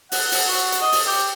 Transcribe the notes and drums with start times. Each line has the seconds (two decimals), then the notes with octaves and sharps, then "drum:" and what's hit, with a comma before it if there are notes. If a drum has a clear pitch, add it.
0.12 F#5, drum: open hi-hat
0.32 drum: open hi-hat
0.47 F#4
0.72 drum: hi-hat
0.81 D#5
0.92 drum: open hi-hat
1.07 G4